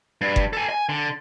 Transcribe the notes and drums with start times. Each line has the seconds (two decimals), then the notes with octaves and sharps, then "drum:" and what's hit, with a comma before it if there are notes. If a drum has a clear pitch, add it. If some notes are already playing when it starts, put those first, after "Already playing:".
0.21 G2
0.36 drum: kick F#1
0.53 A4 G#5
0.70 G#5
0.89 D3